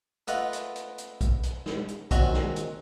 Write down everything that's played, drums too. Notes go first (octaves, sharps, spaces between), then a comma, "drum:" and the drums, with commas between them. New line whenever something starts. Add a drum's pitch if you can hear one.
A3 F4 B4 D#5 F#5, drum: hi-hat
drum: hi-hat
drum: hi-hat
drum: hi-hat
drum: kick A#1, hi-hat
drum: hi-hat
drum: snare
drum: hi-hat
A#2 D#3 C4 C#4 F#4, drum: kick A#1, hi-hat
drum: snare
drum: hi-hat